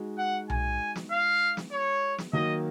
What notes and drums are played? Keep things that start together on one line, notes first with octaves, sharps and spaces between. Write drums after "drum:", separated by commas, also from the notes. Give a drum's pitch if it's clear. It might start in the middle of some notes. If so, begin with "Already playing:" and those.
Already playing: G#3 D#4 F#4
F#5
G#5, drum: tom B1
drum: snare
F5
drum: snare
C#5
drum: snare
D#3 F#3 A#3 D#5